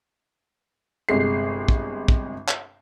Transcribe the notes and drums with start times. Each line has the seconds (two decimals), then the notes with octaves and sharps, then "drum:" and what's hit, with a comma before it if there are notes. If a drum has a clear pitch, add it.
1.09 G1 C3 G#3 C7
1.68 drum: kick
2.08 drum: kick
2.48 drum: clap